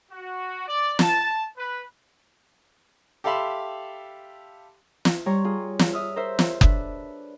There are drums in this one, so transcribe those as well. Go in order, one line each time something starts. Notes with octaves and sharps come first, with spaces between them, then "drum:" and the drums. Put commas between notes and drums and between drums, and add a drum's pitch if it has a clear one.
F#4
D5
A5, drum: snare
B4
G4 A4 E5 F5 B5 C6
drum: snare
G3 C#5 A#5 C6
F4 G#4
drum: snare
E5 D#6 F6
A#4 C5 E5
drum: snare
D4 B4 E5, drum: kick F#1